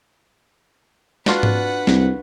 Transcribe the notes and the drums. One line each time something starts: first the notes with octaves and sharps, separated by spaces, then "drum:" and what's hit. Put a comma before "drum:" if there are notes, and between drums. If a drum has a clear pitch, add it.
D4 F4 F#4 B4 F#5, drum: snare
drum: tom G#2
C2, drum: snare